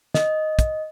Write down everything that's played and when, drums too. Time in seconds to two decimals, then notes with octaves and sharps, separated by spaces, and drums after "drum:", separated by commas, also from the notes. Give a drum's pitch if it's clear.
0.14 D#5, drum: snare
0.59 drum: kick, hi-hat